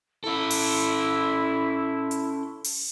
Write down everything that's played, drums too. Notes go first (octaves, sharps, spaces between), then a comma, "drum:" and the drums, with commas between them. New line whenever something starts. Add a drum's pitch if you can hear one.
C#4 E4 A4
drum: open hi-hat
drum: hi-hat
drum: open hi-hat